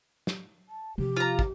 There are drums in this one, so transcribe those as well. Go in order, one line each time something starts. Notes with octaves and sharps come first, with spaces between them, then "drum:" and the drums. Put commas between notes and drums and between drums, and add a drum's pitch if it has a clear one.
drum: snare
A5
C3 F3 G4
F4 A#5
drum: kick